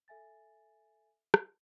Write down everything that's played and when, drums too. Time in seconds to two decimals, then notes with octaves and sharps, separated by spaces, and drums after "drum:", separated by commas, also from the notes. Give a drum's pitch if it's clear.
0.08 A4 E5 G#5 A6
1.34 drum: rim click